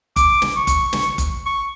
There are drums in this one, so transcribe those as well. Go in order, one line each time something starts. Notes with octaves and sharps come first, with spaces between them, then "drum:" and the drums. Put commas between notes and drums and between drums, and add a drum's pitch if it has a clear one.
D6, drum: kick F#1, hi-hat
drum: snare
C#6
drum: kick F#1, hi-hat
drum: snare
drum: kick F#1, hi-hat
C#6